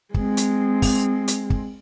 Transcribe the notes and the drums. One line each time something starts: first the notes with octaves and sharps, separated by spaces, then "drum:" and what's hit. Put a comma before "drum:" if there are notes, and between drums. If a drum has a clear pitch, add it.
G#3 C4, drum: kick
drum: hi-hat
drum: kick, open hi-hat
drum: hi-hat
drum: kick